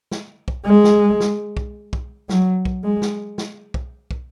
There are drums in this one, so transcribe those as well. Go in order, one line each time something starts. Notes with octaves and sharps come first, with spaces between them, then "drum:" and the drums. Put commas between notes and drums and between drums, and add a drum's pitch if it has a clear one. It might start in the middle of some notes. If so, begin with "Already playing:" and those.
drum: snare
drum: kick
G#3
drum: snare
drum: snare
drum: kick
drum: kick
F#3, drum: snare
drum: kick
G#3
drum: snare
drum: snare
drum: kick
drum: kick